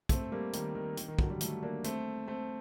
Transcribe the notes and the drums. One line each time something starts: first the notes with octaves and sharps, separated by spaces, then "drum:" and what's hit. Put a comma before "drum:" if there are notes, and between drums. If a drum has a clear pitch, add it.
A3 C4, drum: kick, hi-hat
G3 A#3
D#3 G3, drum: hi-hat
D#3
D#3, drum: hi-hat
D#3
D3 F#3, drum: kick
D#3 G3
F#3 A3, drum: hi-hat
A#3 D4
A3 C4, drum: hi-hat
A3 C4